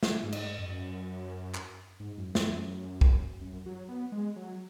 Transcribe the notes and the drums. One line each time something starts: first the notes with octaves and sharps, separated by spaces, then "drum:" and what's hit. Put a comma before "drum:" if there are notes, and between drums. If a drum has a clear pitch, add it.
drum: snare
G#2
drum: cymbal
F#2
drum: clap
G#2
F#2
E2, drum: snare
E2
F#2
drum: kick
F#2
F#3
B3
G#3
F#3